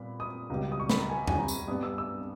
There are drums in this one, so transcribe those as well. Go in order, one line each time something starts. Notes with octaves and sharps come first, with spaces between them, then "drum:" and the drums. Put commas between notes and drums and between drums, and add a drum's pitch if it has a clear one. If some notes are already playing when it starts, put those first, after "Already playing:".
Already playing: A#2 G3 B3 B5
D#6
C#2 B2 G3
D#6
C#6
B5, drum: snare
A#5
G#5
G#5, drum: tom E2
A#5
drum: tambourine
G2 G3 B3 D#6
E6
E6